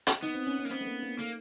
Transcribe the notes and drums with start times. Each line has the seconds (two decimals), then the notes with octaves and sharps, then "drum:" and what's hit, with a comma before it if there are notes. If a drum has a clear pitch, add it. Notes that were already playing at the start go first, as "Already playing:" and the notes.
0.07 drum: hi-hat
0.23 B3 D#4
0.34 C4
0.47 C#4
0.59 C#4
0.65 A#3
0.70 B3 C4
0.81 A3
0.86 A#3
1.03 A#3
1.19 A3 A#3